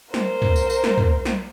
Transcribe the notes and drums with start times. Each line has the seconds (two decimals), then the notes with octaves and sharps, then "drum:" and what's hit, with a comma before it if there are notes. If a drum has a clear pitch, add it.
0.14 A#4 C5, drum: snare
0.42 drum: tom
0.56 drum: tambourine
0.70 drum: tambourine
0.84 drum: snare
0.98 drum: tom
1.25 drum: snare